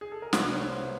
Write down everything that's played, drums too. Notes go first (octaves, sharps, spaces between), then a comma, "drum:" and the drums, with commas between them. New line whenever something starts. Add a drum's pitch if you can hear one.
G#4
A4
A#4
C2 B2 G3 B3 B4, drum: snare
C#5
C5